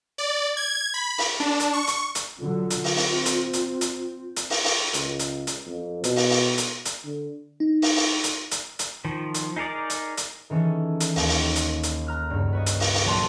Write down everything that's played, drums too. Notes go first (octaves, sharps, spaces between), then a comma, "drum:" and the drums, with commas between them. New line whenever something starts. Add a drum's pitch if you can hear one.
D5
G#6
B5
drum: open hi-hat
D4
drum: hi-hat
C#6
drum: hi-hat
drum: hi-hat
D3 F#3 F4
drum: hi-hat
drum: open hi-hat
C4, drum: open hi-hat
drum: hi-hat
drum: hi-hat
drum: hi-hat
drum: hi-hat
drum: open hi-hat
drum: open hi-hat
C#2, drum: hi-hat
drum: hi-hat
drum: hi-hat
F2
B2, drum: hi-hat
drum: open hi-hat
drum: open hi-hat
drum: hi-hat
drum: hi-hat
D3
D#4
drum: open hi-hat
drum: open hi-hat
drum: hi-hat
drum: hi-hat
drum: hi-hat
D#3 F3
drum: hi-hat
D#4 G#4 A#4 D5
drum: hi-hat
drum: hi-hat
D#3 E3 C#4 G#4 A4
drum: hi-hat
D#2, drum: open hi-hat
drum: open hi-hat
drum: hi-hat
drum: hi-hat
A#5 F6 F#6
C#2 G2
B4 C#5 D#5
drum: hi-hat
drum: open hi-hat
drum: open hi-hat
A#1 F#3 F#4 A5 C6